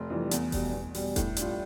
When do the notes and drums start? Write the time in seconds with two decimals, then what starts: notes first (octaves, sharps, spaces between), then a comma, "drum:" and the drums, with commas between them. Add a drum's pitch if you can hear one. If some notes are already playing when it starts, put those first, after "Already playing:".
Already playing: F1
0.10 F2 E3 G3
0.31 E2, drum: hi-hat
0.52 B2 G3, drum: kick E1, open hi-hat
0.73 E2
0.95 B2 G3, drum: open hi-hat
1.16 A2, drum: kick E1, hi-hat
1.37 G3 D4 F4, drum: hi-hat